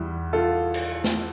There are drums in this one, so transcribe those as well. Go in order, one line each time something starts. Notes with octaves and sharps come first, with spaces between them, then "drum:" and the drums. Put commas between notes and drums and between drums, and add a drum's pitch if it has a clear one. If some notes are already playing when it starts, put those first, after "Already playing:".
Already playing: E2 E3 G3
F4 A4
drum: cymbal
drum: snare